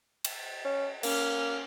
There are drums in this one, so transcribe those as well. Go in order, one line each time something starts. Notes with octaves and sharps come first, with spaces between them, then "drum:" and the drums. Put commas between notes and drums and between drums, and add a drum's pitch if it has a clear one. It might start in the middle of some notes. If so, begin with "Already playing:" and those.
drum: cymbal
C#4
A#3 C#4 F6, drum: cymbal